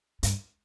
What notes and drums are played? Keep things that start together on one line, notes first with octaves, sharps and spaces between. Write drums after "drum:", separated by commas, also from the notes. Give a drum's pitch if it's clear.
G2, drum: hi-hat